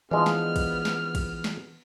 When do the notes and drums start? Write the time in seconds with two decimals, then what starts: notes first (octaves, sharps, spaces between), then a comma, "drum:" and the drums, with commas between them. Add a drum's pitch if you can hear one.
0.11 E3 F3 G#3 B3 D4 F6
0.26 drum: snare
0.56 drum: kick, cymbal
0.85 drum: snare
1.15 drum: kick, cymbal
1.44 drum: snare